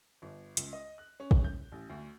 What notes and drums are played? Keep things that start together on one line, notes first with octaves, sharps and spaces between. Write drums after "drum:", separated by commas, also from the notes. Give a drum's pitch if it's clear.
G1
C#2, drum: hi-hat
D#5
F#6
C#4
drum: kick
G6
A1
D2